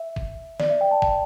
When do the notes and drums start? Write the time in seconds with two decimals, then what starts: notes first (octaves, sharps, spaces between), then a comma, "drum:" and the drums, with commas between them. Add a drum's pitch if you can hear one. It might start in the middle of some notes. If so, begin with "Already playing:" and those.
Already playing: E5
0.16 drum: kick
0.60 D5, drum: snare
0.70 E5
0.81 G5
0.91 A5
1.02 A5, drum: kick